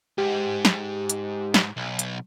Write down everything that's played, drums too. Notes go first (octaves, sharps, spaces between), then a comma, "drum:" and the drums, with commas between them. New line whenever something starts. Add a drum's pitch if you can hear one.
G#2 G4
drum: snare
drum: hi-hat
drum: snare
B1
drum: hi-hat